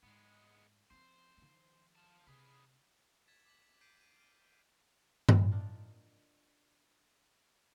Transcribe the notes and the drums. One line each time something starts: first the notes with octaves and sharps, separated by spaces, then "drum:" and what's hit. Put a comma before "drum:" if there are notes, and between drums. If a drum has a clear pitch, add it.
G#2 G#3 B3
F3 C4 C5
D#3 F3
F4 A5
C3 G#4 B4
G#6 A6 B6 E7
D6 B6 F#7
G6 B6 C7 D7 D#7
D#7
F6 D#7
drum: tom G2
D4 D#4 F4 A#4